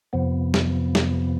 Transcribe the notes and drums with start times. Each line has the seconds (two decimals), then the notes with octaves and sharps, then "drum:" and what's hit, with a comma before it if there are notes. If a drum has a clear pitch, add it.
0.13 F2 C3 F3 B3
0.54 drum: snare
0.95 drum: snare